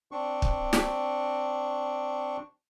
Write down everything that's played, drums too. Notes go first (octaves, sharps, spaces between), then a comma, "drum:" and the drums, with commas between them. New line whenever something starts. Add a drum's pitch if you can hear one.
C4 D4 C#6
drum: kick
drum: snare